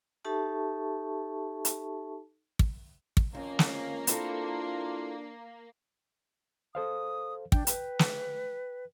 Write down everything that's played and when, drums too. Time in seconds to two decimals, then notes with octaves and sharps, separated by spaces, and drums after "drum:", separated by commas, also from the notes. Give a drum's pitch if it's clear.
0.24 D#4 G4 A4 E5 A5 C#6
1.65 drum: hi-hat
2.59 drum: kick
3.17 drum: kick
3.35 F2 F3 A#3 C#4
3.59 drum: snare
4.07 C4 D4 E4 F4 A4, drum: hi-hat
6.75 A4 C5 F5 D#6
7.52 D4 G5, drum: kick
7.67 B4, drum: hi-hat
7.99 drum: snare